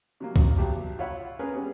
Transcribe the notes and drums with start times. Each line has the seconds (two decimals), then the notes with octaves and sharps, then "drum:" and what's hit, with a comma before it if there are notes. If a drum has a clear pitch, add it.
0.20 C3 F#3 A#3
0.36 A#1 F#2 D#3 F#3, drum: kick C2
0.57 B1 G4 A5
0.99 F4 C#5 E5 F#5 B5
1.39 C#4 G#4 A#4 B4
1.53 G3 B3 C#4 G#4